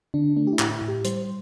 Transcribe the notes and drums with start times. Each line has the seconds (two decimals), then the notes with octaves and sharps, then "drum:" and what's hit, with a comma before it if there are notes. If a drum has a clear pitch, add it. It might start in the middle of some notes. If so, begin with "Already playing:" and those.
0.14 D3 D4
0.36 A3 D4
0.47 G4
0.53 E4
0.59 A2, drum: clap
0.71 E4
0.81 A2
0.88 G4
1.05 G3 C5, drum: hi-hat